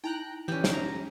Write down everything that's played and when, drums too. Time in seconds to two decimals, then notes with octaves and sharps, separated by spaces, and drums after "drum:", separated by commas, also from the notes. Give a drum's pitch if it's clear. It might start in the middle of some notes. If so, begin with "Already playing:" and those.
0.04 D#4 E4 G5 A#5 F#6
0.48 E3 C#4 G4
0.64 drum: snare
0.73 A#5